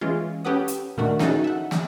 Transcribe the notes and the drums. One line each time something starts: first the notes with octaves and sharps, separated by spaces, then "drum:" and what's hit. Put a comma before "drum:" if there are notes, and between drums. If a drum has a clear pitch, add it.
E3 G#3 C#4 F4
C#4 G4 A4 B4 F#5 D#6
drum: hi-hat
A#2 D#3 A3 D4 F#4 A#4
C#4 D#4 E4 F#4 G#4 A4, drum: snare
E5 F#5
drum: snare